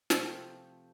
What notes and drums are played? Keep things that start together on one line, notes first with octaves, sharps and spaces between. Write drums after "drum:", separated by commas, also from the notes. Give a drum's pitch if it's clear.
C3 F3 A3 C4, drum: snare